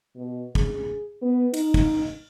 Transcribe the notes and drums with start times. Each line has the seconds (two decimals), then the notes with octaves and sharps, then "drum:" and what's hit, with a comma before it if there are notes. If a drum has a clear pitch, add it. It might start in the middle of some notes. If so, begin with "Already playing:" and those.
0.16 B2
0.55 G#4, drum: kick
1.22 B3
1.54 D#4, drum: cymbal
1.74 drum: kick